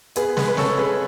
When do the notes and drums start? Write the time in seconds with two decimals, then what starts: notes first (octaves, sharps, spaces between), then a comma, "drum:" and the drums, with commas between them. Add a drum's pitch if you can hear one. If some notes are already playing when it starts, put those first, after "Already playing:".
0.16 B3 G#4 B4, drum: hi-hat
0.37 G#3 G#4 B4, drum: snare
0.48 B4
0.57 C#3 A4 C#5, drum: snare
0.78 C#3 G#4 B4